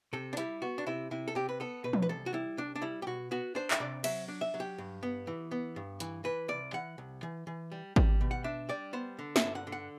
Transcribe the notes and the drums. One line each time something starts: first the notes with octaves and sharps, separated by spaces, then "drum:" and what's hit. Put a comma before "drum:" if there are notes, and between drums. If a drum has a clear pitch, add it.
C3 A4
D4
G3 E4, drum: hi-hat
B3 F#4
D4
C3 E4
C3 E4
A4
C3 G4
B4
B3 A4
B2 B4
drum: tom
B4
C2 A4
F#4
G3 E4
C2 D4
D4
G3 E4
G4
B2 F#4
B3 F#4
D4 C5
E5, drum: clap
C3 D5
F#3 E5, drum: cymbal
D4
E5
F#3
G4
G2
B3
E3
B3
G2
E3, drum: hi-hat
E3 B4
C2 D5
E3 F#5
C2
E3
E3
G3
G3, drum: kick G#1
B2
F#5
D4 E5
G3 D5
B3 C5
D3
E5, drum: snare
G2
F#5
D3
F#5